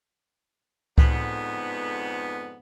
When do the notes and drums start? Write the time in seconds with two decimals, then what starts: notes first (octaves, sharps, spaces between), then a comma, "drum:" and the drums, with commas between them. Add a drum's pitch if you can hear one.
0.98 F2 G#2 D3 B3, drum: kick C#2